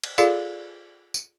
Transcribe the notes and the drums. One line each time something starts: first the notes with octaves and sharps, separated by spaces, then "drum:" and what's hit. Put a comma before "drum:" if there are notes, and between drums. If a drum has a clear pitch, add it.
drum: cymbal
F4 G#4 A4 D5 F5, drum: tambourine
drum: tambourine